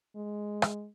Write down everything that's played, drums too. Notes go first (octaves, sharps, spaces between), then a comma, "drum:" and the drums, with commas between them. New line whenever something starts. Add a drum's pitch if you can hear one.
G#3
drum: rim click